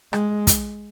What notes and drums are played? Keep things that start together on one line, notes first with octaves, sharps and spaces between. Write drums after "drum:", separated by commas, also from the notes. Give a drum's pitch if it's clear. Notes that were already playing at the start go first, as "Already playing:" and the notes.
G#3, drum: rim click
drum: kick, hi-hat